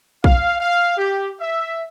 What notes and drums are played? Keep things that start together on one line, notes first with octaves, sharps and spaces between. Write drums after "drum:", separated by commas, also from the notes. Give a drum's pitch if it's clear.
F5, drum: kick
F5
G4
E5